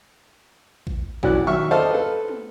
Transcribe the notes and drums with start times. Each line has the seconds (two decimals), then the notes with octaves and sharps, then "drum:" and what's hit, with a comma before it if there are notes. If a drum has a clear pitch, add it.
0.87 drum: kick A1
1.23 B1 E3 F#3 F#4 D5 F#6, drum: kick A1
1.47 D#3 F#3 E5 C#6 F6
1.71 A4 C5 D5 D#5 F5 A5
1.90 A4 B4
2.28 drum: tom